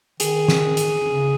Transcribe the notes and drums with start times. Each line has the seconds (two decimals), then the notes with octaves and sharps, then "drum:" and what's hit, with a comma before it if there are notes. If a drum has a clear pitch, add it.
0.20 D#3 G#4, drum: hi-hat
0.48 drum: snare
0.77 drum: hi-hat
1.06 C#3